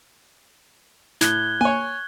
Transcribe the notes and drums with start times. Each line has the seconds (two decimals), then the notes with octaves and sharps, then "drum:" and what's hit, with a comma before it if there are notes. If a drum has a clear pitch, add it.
1.21 A2 F#6 G#6 G7, drum: snare
1.61 C#5 G#5, drum: tom A#3